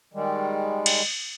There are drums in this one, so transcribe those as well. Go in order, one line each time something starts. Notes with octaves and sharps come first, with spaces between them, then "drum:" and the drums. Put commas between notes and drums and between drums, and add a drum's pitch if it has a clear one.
D#3 G3 G#3
drum: cymbal